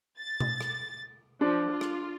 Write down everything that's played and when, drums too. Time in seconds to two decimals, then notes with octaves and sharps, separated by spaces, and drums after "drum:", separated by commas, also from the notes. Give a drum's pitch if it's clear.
0.18 A6
0.40 drum: tom B2
0.61 drum: rim click
1.41 F3 D4
1.70 F4
1.81 drum: rim click